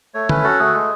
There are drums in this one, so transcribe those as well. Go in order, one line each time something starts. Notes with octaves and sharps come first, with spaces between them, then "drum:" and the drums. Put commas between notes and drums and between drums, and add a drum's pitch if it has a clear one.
A3 C#5
C#4 B4, drum: tom D3
F#4 A4
A3 G#4
G#3